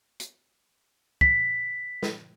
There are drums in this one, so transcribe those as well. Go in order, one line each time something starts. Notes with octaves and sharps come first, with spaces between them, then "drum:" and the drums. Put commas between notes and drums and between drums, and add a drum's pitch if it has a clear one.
drum: hi-hat
B6, drum: kick
drum: snare